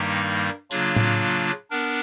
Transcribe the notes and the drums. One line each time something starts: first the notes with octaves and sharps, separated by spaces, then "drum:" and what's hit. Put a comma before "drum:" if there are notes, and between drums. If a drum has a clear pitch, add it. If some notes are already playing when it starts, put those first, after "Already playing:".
Already playing: G2 D#3 G3 A#3 D#4
C#3 F#3 A#3 D4 F4, drum: tambourine
drum: tom A2
B3 D4 A#4